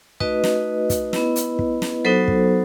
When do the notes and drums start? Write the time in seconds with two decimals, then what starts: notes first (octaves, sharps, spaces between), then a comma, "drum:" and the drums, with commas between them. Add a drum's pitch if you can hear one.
0.20 A3 D#4 F#4 B4 D#5, drum: kick
0.44 drum: snare
0.90 drum: kick, hi-hat
1.13 B3 E4, drum: snare
1.36 drum: hi-hat
1.59 drum: kick
1.82 drum: snare
2.05 F#3 B3 D#4 F#4 A4 C5
2.28 drum: kick